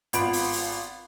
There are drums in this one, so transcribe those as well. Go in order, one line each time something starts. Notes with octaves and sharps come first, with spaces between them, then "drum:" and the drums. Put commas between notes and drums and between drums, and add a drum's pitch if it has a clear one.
G#1 B3 F4 B5 D7, drum: hi-hat
drum: open hi-hat
drum: open hi-hat